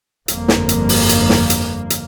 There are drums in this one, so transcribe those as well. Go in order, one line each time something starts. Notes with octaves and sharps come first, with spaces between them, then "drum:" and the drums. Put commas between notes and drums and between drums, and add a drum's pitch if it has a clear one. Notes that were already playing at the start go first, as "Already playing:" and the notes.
G1 F2 A#3, drum: hi-hat
drum: snare
drum: hi-hat
drum: open hi-hat
drum: hi-hat
drum: snare
drum: hi-hat
drum: hi-hat